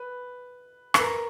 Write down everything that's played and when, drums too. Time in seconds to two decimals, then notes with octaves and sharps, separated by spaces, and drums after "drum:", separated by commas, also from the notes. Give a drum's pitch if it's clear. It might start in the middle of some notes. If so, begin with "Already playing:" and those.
Already playing: B4
0.94 B4, drum: rim click
0.99 A#4